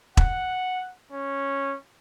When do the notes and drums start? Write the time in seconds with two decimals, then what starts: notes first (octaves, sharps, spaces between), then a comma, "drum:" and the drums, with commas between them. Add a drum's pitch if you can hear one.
0.17 F#5, drum: kick E1
1.12 C#4